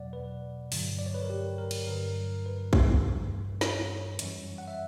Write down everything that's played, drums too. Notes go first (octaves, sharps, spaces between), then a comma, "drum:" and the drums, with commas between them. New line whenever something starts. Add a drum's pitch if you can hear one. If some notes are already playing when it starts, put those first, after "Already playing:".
Already playing: E2 B2 F#3 D5 F#5
B4
G2 D3 F#3, drum: open hi-hat
D5
C#5
B4
A#4
G4
A#4
drum: cymbal
G2 D3 F#3 A#4
B4
drum: kick
G2 E3 G3
C#5, drum: snare
F#2 E3 G3, drum: hi-hat
F#5
E5